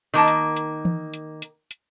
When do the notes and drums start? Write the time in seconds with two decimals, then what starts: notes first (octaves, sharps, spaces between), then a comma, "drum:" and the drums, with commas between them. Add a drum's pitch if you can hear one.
0.14 D#3 A#3 A5
0.28 drum: hi-hat
0.56 drum: hi-hat
0.85 drum: tom E3
1.14 drum: hi-hat
1.42 drum: hi-hat
1.71 drum: hi-hat